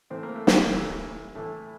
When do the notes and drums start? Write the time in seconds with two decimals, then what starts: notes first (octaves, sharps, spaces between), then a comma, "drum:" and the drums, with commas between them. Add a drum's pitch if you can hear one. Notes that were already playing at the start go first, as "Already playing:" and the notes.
0.10 A2 E3 C4
0.23 A#3
0.35 A3
0.47 G3 A#3, drum: snare
0.73 A2 E3
1.35 A2 E3 A3